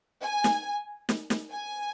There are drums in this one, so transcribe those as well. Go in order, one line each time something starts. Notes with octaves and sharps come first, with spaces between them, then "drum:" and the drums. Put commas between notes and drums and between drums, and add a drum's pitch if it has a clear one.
G#5
drum: snare
drum: snare
drum: snare
G#5